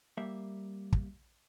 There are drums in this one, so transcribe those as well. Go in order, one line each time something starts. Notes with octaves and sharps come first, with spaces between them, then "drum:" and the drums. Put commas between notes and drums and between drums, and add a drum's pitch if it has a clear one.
G3 A#3 E5
drum: kick